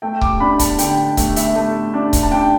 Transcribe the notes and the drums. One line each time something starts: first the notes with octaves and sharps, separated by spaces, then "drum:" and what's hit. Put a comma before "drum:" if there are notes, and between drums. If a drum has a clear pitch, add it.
A3 G5
D6, drum: kick C#1
D4 B5
A5, drum: kick C#1, hi-hat
D3 G5, drum: hi-hat
G5
A3, drum: kick C#1, hi-hat
E5, drum: hi-hat
A3
D4
drum: kick C#1, hi-hat
A5
D4 G5